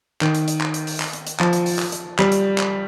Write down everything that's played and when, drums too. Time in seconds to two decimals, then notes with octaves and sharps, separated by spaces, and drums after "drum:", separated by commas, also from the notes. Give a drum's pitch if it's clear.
0.21 D#3, drum: clap
0.35 drum: hi-hat
0.48 drum: hi-hat
0.61 drum: clap
0.74 drum: hi-hat
0.87 drum: open hi-hat
1.00 drum: clap
1.13 drum: hi-hat
1.27 drum: hi-hat
1.40 F3, drum: clap
1.53 drum: hi-hat
1.66 drum: open hi-hat
1.79 drum: clap
1.92 drum: hi-hat
2.19 G3, drum: clap
2.32 drum: hi-hat
2.58 drum: clap